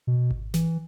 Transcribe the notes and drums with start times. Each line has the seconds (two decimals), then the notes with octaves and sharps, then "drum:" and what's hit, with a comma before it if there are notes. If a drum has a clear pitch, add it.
0.07 B2
0.31 drum: kick G#1
0.54 E3, drum: snare